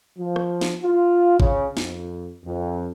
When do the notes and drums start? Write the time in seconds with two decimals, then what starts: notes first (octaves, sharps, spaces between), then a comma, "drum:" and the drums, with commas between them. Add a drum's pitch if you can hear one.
0.18 F3
0.36 drum: rim click
0.61 drum: snare
0.83 F4
1.40 C#3, drum: kick A1
1.77 F2, drum: snare
2.45 F2